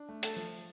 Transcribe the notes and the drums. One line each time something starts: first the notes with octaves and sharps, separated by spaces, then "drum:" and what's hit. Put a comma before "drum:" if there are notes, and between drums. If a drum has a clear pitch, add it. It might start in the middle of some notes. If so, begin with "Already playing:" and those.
Already playing: D4
A3
A4, drum: hi-hat
F3